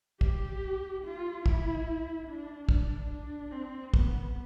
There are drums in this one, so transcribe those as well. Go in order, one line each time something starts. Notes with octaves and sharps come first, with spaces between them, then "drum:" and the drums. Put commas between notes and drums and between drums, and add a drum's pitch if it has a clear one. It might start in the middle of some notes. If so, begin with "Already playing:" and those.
G4, drum: kick
F4
E4, drum: kick
D4
D4, drum: kick
D4
C4
B3, drum: kick